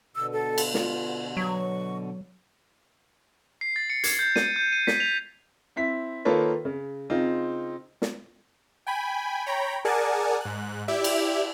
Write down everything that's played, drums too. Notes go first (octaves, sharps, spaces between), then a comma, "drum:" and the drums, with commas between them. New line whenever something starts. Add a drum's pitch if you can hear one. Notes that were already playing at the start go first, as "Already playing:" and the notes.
B2 D3 E6
A4
drum: cymbal
F4, drum: snare
F#3 C#6
C7
A6
C#7
G#6, drum: hi-hat
G6
D#7, drum: snare
G6
D#7
B6, drum: snare
F7
C4 E4 B6
D#3 A#3 F4 A4 B4 C#5
C#3
C#3 C4 D#4 F4
drum: snare
G5 G#5 B5
C#5 G5 A#5 B5
G#4 A#4 D5 F#5 G#5 A5
G#2 F#6
E4 G4 D5 E5
drum: cymbal